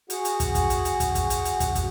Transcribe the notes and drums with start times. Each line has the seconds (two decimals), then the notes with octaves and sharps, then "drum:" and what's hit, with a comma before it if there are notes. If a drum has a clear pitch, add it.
0.10 F#4 G#4 F#5, drum: hi-hat
0.25 drum: hi-hat
0.40 drum: kick, hi-hat
0.55 drum: kick, hi-hat
0.70 drum: hi-hat
0.85 drum: hi-hat
1.00 drum: kick, hi-hat
1.15 drum: kick, hi-hat
1.30 drum: hi-hat
1.45 drum: hi-hat
1.60 drum: kick, hi-hat
1.75 drum: kick, hi-hat